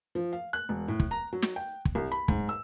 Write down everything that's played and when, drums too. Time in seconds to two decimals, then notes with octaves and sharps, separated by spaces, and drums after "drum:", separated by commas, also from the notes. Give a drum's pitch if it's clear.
0.15 F3
0.32 F5
0.53 F#6
0.69 E1
0.88 A2
1.00 drum: kick
1.11 A#5
1.33 F#3
1.43 drum: snare
1.56 G5
1.85 drum: kick
1.95 C2
2.12 B5
2.28 G#2, drum: kick
2.49 E6